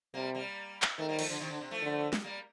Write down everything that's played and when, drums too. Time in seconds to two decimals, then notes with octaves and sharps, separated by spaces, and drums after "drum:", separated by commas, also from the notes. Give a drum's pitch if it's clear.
0.14 C3 G3 A#3
0.35 G3 A#3
0.82 drum: clap
0.98 D#3 A3 C4
1.09 G3 A#3
1.19 F3 A3, drum: cymbal
1.29 D3 F3
1.40 C3 D#3
1.50 D3
1.61 C3
1.71 F3 A3
1.82 D3
2.13 drum: snare
2.24 G3 A#3